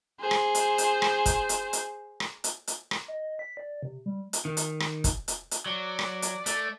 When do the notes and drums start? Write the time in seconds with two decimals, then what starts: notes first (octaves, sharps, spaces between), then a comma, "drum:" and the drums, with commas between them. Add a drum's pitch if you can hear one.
0.20 G#4 C5
0.31 drum: rim click
0.55 drum: hi-hat
0.78 drum: hi-hat
1.02 drum: rim click
1.26 drum: kick, hi-hat
1.49 drum: hi-hat
1.73 drum: hi-hat
2.20 drum: rim click
2.44 drum: hi-hat
2.67 drum: hi-hat
2.91 drum: rim click
3.08 D#5
3.39 B6
3.57 D5
3.83 C3
4.06 G3
4.33 drum: hi-hat
4.45 D#3
4.57 drum: hi-hat
4.80 drum: rim click
5.04 drum: kick, hi-hat
5.28 drum: hi-hat
5.51 drum: hi-hat
5.66 F#3 D5
5.99 drum: rim click
6.22 drum: hi-hat
6.46 A3, drum: hi-hat